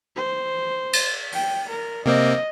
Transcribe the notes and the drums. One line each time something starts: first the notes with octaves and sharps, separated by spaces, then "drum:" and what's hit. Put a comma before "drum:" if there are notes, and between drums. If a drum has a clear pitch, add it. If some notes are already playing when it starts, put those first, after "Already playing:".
C5
drum: cymbal
G5, drum: open hi-hat
A#4
C3 A#3 C4 D#5